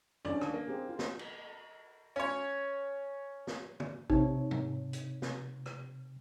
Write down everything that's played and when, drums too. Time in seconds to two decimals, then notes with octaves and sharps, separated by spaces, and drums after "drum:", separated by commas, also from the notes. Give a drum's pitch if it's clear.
0.25 C#4 D4 D5, drum: tom F2
0.41 D#2, drum: rim click
0.54 A#3
0.68 C4 G4 G#4
0.89 F4
0.99 drum: snare
1.19 drum: cymbal
2.16 C#4 C#5
3.47 drum: snare
3.80 drum: tom
4.10 C3 D#4 C#5, drum: kick A1
4.51 drum: tom
4.93 drum: hi-hat
5.22 drum: snare
5.66 drum: rim click